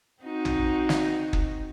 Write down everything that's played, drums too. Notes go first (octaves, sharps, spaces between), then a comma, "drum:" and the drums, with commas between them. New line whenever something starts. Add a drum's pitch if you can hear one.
C4 D#4 F#4
drum: tom
drum: snare
drum: kick